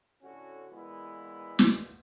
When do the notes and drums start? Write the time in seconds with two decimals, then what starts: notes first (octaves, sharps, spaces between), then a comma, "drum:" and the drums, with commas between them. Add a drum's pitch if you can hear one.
0.22 A2 D3 C#4 F#4
0.70 A#2 E3 G#3 A#3 B3 E4
1.59 drum: snare